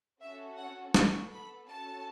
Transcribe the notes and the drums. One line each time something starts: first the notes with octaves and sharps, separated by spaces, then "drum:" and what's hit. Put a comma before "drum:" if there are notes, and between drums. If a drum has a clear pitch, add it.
C#4 F#4 A4 E5
F#5
B3 A4 C#6, drum: snare
B5
C#4 F#4 A4 A5